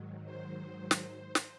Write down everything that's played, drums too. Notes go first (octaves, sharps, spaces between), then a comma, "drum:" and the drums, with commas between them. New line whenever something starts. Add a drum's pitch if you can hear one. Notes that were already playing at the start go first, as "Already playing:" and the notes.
Already playing: G#2 D#3 F#3
C5
drum: snare
drum: snare